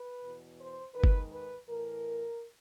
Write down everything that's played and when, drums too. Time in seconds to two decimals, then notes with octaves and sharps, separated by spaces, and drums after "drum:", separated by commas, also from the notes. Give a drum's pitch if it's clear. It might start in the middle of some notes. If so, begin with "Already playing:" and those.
Already playing: B4
0.22 E2 B2
0.59 C5
0.94 G#2 D#3 B4
1.04 drum: kick G1
1.32 B4
1.67 A2 E3 A#4